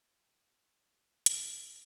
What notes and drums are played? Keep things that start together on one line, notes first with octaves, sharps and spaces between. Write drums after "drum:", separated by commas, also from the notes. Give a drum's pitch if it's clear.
G3 F4 G4
drum: hi-hat
C#4 G5 A#5